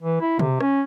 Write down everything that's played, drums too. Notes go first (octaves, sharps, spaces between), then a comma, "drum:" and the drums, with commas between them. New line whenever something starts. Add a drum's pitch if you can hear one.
E3
E4
C3, drum: tom
C#4, drum: rim click